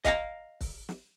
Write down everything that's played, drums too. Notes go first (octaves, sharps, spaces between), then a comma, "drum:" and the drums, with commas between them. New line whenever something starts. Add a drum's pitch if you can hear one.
D#5 F5 F#5 A#5, drum: kick, hi-hat
drum: kick, open hi-hat
drum: snare